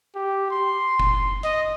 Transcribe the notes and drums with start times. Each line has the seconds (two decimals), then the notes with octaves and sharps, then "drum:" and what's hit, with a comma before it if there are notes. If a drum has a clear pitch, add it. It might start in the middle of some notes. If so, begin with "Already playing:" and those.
0.15 G4
0.51 C6
1.00 drum: kick F#1
1.44 D#5